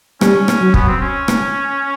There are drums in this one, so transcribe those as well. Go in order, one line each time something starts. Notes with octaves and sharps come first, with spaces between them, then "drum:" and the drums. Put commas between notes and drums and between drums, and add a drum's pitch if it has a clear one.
G3 C#4, drum: rim click
drum: rim click
F#3
B3, drum: kick
C4
C#4
drum: rim click